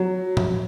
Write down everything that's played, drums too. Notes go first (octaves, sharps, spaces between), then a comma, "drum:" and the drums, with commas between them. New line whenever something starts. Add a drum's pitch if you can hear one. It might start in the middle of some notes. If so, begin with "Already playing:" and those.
Already playing: F#3
drum: tom